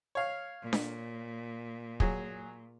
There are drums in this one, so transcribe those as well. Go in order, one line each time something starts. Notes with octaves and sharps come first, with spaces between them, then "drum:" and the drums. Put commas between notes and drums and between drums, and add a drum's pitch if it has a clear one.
C#5 F5
A#2
drum: snare D4
F#3 G#4, drum: kick